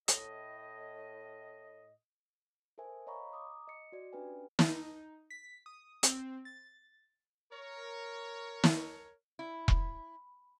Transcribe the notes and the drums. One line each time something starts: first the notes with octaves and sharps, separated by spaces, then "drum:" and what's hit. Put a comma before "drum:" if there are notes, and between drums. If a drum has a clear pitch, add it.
A2 D#5, drum: hi-hat
A4 A#4 C5 E5 G#5
C#5 D#5 F5 A#5 B5 C#6
A#5 D6 D#6
D#5 C#7
F#4 D5
C#4 D4 G4 B4 G5 G#5
D#4, drum: snare
B6
D#6
C4, drum: hi-hat
A6
A#4 C#5
drum: snare
E4
drum: kick E1